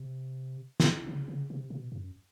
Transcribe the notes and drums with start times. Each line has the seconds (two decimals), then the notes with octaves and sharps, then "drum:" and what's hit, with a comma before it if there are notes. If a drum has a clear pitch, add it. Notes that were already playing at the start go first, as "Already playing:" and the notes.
Already playing: C3
0.80 drum: snare
1.08 C#3
1.28 C#3
1.50 C3
1.70 B2
1.92 F#2